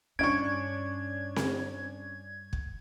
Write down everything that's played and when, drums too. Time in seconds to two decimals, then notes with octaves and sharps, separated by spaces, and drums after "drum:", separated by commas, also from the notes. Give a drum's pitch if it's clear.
0.19 G2 C#4 D4 C#6 G#6 D7
1.36 drum: snare C4
2.53 drum: kick